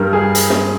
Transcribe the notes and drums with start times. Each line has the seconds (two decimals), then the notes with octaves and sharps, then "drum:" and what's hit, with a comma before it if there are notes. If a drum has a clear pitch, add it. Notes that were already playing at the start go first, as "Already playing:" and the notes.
Already playing: G2 G3 A#4
0.13 G#4
0.35 drum: hi-hat
0.50 drum: snare